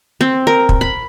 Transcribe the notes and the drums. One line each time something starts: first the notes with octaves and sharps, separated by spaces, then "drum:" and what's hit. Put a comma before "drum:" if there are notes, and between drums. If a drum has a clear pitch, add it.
C4
A#4
drum: kick
B5